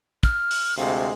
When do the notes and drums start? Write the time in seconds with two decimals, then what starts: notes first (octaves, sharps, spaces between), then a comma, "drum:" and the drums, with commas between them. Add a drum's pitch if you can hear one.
0.23 F6, drum: kick
0.51 drum: open hi-hat
0.78 D2 C3 G#3 F5